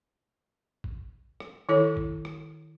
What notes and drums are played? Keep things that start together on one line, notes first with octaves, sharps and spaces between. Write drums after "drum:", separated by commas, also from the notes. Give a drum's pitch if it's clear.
drum: kick G#1
drum: rim click
D#3 E4 A4 C#5
drum: kick G#1
drum: rim click